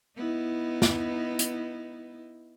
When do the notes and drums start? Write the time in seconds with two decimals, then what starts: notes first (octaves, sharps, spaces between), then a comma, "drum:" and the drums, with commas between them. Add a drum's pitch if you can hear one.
0.17 B3 D#4 E4
0.82 drum: snare
1.39 drum: hi-hat